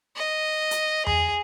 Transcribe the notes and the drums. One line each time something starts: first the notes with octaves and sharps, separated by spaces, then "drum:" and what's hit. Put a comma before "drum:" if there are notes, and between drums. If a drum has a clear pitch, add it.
D#5
drum: hi-hat
G#4, drum: tom E2